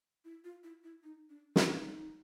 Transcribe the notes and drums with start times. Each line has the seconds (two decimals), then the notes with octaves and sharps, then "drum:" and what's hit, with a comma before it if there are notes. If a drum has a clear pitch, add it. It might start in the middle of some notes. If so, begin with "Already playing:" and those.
0.25 E4
0.44 F4
0.64 E4
0.84 E4
1.04 D#4
1.30 D4
1.56 D#4, drum: snare